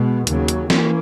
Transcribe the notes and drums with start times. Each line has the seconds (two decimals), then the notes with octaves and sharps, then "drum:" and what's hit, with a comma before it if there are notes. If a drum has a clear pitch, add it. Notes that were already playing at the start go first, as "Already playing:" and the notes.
Already playing: B2 G#3 B3
0.27 D#2 C#3 F#3, drum: hi-hat
0.48 drum: hi-hat
0.70 E3 A#3 C#4, drum: snare